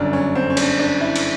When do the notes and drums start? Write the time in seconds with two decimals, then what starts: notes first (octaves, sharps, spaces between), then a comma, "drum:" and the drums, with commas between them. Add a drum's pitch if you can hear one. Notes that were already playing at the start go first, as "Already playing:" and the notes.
Already playing: G1 F#2 D3 C#4 D4
0.13 C#4
0.35 C4
0.50 C#4
0.57 D4, drum: cymbal
0.79 D4
1.01 E4
1.16 drum: cymbal